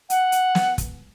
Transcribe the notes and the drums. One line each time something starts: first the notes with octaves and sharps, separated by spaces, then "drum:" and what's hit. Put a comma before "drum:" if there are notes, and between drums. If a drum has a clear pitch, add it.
F#5, drum: hi-hat
drum: hi-hat
drum: snare
drum: kick, hi-hat